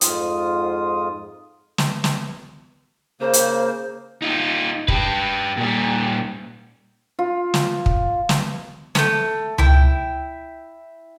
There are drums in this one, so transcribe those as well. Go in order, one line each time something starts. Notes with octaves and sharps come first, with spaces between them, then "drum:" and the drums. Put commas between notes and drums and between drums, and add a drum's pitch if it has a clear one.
F2 G#2 F4 D#6, drum: hi-hat
drum: snare
drum: snare
C#3 A#3 C5
drum: hi-hat
D#4 F4
G4 B4, drum: kick
A#2 G3
F4
drum: snare
drum: kick
drum: snare
A3 C#4, drum: snare
E4 G5, drum: tom C#2